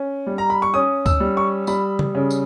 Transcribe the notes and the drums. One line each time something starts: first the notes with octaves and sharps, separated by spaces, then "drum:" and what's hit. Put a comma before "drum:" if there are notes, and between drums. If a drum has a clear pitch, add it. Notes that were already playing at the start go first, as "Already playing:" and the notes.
Already playing: C#4
G3
A#5
B5
C#6
C#4 D#6
E6, drum: kick, tambourine
G3
C#6
G3 B5, drum: tambourine
drum: tom C#3
C#3
drum: tambourine